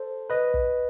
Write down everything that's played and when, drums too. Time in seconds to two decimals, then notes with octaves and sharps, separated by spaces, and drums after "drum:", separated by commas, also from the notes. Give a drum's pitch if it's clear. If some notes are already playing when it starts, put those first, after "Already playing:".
Already playing: A4 C5
0.30 B4 D#5
0.54 drum: kick